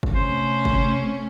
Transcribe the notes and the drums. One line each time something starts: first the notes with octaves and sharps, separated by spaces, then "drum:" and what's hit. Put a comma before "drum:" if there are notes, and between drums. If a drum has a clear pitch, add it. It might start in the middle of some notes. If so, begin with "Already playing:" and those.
drum: kick G1
C3 A3 C#4 C5
drum: kick G1